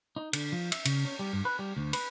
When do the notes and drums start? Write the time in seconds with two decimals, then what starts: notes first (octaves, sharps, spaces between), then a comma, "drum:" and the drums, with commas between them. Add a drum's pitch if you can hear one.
0.16 D#4
0.33 D3, drum: cymbal
0.52 F3
0.72 E5, drum: cymbal
0.85 C#3, drum: cymbal
1.05 C#4
1.19 G3
1.33 G2
1.45 B4
1.59 G3
1.77 D2
1.93 B4, drum: cymbal